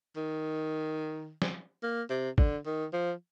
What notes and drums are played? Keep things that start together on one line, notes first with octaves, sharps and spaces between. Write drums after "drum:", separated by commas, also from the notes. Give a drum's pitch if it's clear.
D#3
drum: snare
A#3
C3
D3, drum: kick
D#3
F3